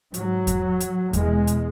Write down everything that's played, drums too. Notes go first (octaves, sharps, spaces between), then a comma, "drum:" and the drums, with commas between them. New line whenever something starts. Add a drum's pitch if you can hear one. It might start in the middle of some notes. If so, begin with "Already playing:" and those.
G#2 F#3, drum: hi-hat
drum: kick E2, hi-hat
drum: hi-hat
E2 B2 G#3, drum: kick E2, hi-hat
drum: hi-hat